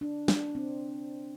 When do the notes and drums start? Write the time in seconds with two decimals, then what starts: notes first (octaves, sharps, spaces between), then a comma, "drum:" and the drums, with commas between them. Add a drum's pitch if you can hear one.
0.01 D4
0.28 D4, drum: snare
0.55 C4